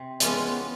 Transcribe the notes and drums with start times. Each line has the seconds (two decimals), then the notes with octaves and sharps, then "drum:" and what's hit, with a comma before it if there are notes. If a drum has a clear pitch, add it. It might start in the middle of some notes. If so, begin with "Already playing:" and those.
Already playing: C3
0.20 E3 G#3 B3 C#4 F4, drum: hi-hat